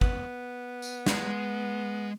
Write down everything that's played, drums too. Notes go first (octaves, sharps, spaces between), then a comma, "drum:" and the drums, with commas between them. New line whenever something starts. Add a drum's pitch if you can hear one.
B3, drum: kick
drum: tambourine
G#3, drum: snare